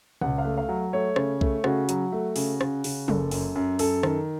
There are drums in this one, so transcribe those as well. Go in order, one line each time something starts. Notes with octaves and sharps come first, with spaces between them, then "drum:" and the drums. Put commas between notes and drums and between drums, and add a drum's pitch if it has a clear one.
C#2 F#5, drum: tom A#2
F5
A3
F5
F#3
A3 C#5
C#3, drum: rim click
A3, drum: kick B1
C#3 F#4, drum: rim click
F#3, drum: hi-hat
A3
C#3, drum: open hi-hat
C#3, drum: rim click
C#3, drum: open hi-hat
F#1 A4, drum: tom F3
F#2, drum: open hi-hat
F#2
F#2 A4, drum: open hi-hat
D#3, drum: rim click